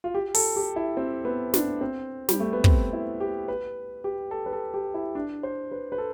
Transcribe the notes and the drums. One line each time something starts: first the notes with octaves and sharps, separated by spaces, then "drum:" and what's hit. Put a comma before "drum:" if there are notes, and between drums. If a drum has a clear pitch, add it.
F4
G4
A4, drum: open hi-hat
G4
E4
C4
B3
D4, drum: snare
C4
G3, drum: snare
A3
B3
C4, drum: kick
E4
G4
B4
G4
A4
B4
A4
G4
E4
D4
C5
B4
B4
A4